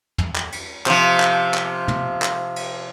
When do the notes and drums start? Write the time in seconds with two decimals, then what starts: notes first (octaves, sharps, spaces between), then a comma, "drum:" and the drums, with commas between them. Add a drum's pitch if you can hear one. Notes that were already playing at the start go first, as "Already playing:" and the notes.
0.18 drum: tom
0.35 drum: clap
0.52 drum: cymbal
0.86 C3 F3, drum: clap
1.20 drum: clap
1.54 drum: clap
1.88 drum: tom
2.22 drum: clap
2.56 drum: cymbal